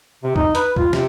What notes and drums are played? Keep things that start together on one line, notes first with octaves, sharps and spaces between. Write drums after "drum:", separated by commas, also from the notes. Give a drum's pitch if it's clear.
C3
D#4, drum: kick
B4, drum: hi-hat
F4, drum: kick
C3, drum: snare